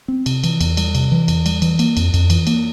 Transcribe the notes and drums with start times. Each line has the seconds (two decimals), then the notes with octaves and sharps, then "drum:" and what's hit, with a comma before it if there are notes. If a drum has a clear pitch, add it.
0.08 C4
0.26 C3, drum: cymbal
0.44 E3, drum: cymbal
0.61 E2, drum: cymbal
0.77 G3, drum: cymbal
0.95 C3, drum: cymbal
1.12 E3
1.28 E2, drum: cymbal
1.46 G3, drum: cymbal
1.62 E3, drum: cymbal
1.79 A#3, drum: cymbal
1.97 F2, drum: cymbal
2.14 F2, drum: cymbal
2.30 E3, drum: cymbal
2.47 A#3, drum: cymbal